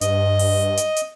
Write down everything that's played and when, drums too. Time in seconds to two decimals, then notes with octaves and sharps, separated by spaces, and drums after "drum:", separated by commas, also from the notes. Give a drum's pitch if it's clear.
0.01 G2 D#5, drum: hi-hat
0.39 drum: open hi-hat
0.77 drum: hi-hat
0.96 drum: hi-hat